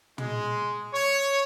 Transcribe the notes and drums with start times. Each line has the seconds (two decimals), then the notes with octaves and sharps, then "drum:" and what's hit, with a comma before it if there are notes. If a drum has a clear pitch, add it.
0.18 G#3, drum: tom
0.93 C#5